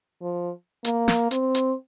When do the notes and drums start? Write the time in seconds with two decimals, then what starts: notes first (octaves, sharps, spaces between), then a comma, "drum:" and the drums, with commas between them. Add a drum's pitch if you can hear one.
0.22 F3
0.85 A#3, drum: hi-hat
1.08 drum: snare
1.31 C4, drum: hi-hat
1.55 drum: hi-hat